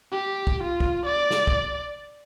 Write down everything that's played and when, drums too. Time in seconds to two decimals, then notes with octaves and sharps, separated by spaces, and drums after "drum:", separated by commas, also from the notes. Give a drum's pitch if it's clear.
0.12 G4
0.47 drum: kick
0.64 F4
0.80 drum: kick
1.06 D5
1.31 drum: snare
1.47 drum: kick